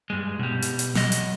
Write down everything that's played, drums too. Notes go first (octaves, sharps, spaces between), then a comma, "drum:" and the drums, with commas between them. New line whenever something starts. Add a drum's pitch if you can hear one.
G2 G#3
B2 G3
drum: hi-hat
drum: hi-hat
F#3 D#5, drum: snare
drum: hi-hat